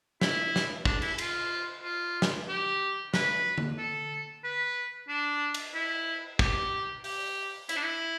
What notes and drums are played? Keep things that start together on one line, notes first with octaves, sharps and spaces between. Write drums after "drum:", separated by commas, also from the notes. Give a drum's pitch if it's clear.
E4, drum: snare
drum: snare
D4, drum: kick
E4, drum: cymbal
F4, drum: cymbal
F4
drum: snare
G4
B4, drum: snare
drum: tom D3
A4
B4
D4
drum: cymbal
E4
G4, drum: kick
G4, drum: open hi-hat
E4, drum: hi-hat
D4
E4